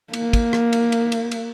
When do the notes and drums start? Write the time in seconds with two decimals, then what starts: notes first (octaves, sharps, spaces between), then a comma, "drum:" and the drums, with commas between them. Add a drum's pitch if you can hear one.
0.13 A#3, drum: cymbal
0.33 drum: kick, cymbal
0.53 drum: rim click
0.73 drum: cymbal
0.92 drum: cymbal
1.12 drum: cymbal
1.31 drum: cymbal